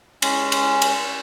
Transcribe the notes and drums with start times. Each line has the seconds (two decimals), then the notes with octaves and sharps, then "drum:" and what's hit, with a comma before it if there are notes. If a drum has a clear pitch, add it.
0.22 G#3 C#4, drum: cymbal
0.52 drum: cymbal
0.82 drum: cymbal